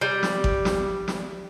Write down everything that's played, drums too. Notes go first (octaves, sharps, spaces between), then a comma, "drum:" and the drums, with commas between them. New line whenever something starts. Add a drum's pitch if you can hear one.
G3
drum: snare
drum: kick G#1
drum: snare
drum: snare